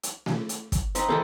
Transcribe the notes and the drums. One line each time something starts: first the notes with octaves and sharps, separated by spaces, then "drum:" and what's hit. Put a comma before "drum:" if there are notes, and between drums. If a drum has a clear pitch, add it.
drum: hi-hat
drum: snare A3
drum: hi-hat
drum: kick, hi-hat
C4 D#4 B4, drum: hi-hat
E3 G#3 A#3 C4 E4 A4